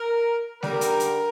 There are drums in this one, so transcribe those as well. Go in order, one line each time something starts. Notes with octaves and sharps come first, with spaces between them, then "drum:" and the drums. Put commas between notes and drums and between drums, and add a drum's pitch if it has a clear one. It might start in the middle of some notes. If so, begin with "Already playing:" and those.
Already playing: A#4
D3 G3 A#4, drum: snare
drum: hi-hat
drum: hi-hat